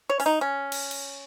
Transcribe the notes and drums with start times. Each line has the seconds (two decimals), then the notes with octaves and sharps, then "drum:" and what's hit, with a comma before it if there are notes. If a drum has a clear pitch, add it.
0.10 C#5
0.20 C#4, drum: open hi-hat
0.26 D#4
0.41 C#4
0.72 drum: cymbal
0.91 drum: cymbal